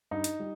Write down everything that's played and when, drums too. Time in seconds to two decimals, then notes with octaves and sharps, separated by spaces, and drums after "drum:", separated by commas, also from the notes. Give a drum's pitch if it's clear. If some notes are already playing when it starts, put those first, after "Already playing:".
0.11 G2 D#4
0.24 drum: hi-hat
0.40 G3